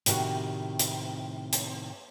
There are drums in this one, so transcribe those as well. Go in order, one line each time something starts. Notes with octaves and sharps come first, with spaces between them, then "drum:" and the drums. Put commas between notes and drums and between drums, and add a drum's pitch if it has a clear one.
A2 C3 D#3 D4 F#4 G4, drum: hi-hat
drum: hi-hat
drum: hi-hat